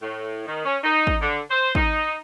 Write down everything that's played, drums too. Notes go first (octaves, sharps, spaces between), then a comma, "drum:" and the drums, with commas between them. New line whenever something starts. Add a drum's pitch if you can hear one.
A2
D#3
C#4
D#4
drum: kick
D3
C5
D#4, drum: kick